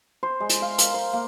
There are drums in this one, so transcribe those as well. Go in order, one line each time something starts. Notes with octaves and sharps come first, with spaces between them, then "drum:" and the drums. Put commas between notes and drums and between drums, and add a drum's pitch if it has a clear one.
C5
G#3
drum: hi-hat
F5
A#4, drum: hi-hat
C5
A#3